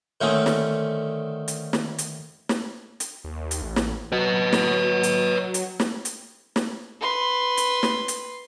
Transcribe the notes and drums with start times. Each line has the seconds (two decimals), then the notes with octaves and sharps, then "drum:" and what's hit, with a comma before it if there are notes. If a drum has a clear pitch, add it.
0.21 D3 D#3 A3 C4 C#4 D#4
0.46 drum: snare
1.48 drum: hi-hat
1.73 drum: snare
1.98 drum: hi-hat
2.49 drum: snare
3.00 drum: hi-hat
3.24 D#2
3.51 drum: hi-hat
3.62 A1
3.76 drum: snare
4.12 F#3 B4 D#5
4.53 drum: snare
5.03 drum: hi-hat
5.54 drum: hi-hat
5.80 drum: snare
6.05 drum: hi-hat
6.56 drum: snare
7.01 B4 C6
7.57 drum: hi-hat
7.83 drum: snare
8.08 drum: hi-hat